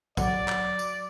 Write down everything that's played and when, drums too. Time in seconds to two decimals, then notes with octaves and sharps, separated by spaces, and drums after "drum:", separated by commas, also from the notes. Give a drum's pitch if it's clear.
0.17 F#3 D5 F#5, drum: kick, tambourine
0.48 drum: clap
0.79 drum: tambourine